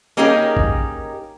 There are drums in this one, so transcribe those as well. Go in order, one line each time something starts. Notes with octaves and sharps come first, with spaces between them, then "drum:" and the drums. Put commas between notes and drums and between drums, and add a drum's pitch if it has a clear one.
A#3 C#4 D#4 G4 G#4 A#4
drum: kick A1